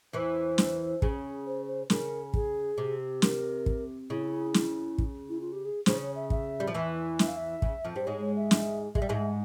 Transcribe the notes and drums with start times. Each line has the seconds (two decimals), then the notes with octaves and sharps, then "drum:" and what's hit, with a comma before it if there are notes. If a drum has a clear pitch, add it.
0.13 E2 E3 C5
0.58 drum: snare
1.02 C#3, drum: kick
1.46 C5
1.67 C5
1.90 C#3 A#4, drum: snare
2.34 G#4, drum: kick
2.78 C3
3.22 A#4, drum: snare
3.66 drum: kick
4.10 C#3 E4
4.54 drum: snare
4.98 drum: kick
5.29 E4
5.41 F4
5.52 G4
5.65 G#4
5.86 C#3 C5, drum: snare
6.01 C#5
6.16 E5
6.30 E5, drum: kick
6.60 G3
6.67 F3
6.74 E2 E3
7.19 E5, drum: snare
7.27 F5
7.37 E5
7.62 C#3, drum: kick
7.85 F2 F3
7.95 G2 G3 C5
8.07 G#2 G#3 C#5
8.21 C#5
8.36 E5
8.51 drum: snare
8.95 G#3 E5, drum: kick
9.02 G3
9.09 G#2 G#3